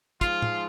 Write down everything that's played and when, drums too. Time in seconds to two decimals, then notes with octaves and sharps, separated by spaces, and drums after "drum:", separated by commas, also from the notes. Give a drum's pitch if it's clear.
0.21 G#2 F3 G#3 F4, drum: kick, hi-hat
0.42 drum: tom A2